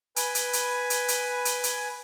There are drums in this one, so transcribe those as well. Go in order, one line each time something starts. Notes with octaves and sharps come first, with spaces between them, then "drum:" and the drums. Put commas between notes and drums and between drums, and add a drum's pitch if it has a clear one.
B4 G#5, drum: hi-hat
drum: hi-hat
drum: hi-hat
drum: hi-hat
drum: hi-hat
drum: hi-hat
drum: hi-hat